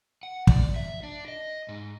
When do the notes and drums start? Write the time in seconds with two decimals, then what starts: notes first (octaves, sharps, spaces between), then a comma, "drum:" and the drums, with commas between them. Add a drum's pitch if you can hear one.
0.23 F#5
0.47 D5, drum: kick
0.76 E5
1.03 D4
1.28 D#5
1.68 G#2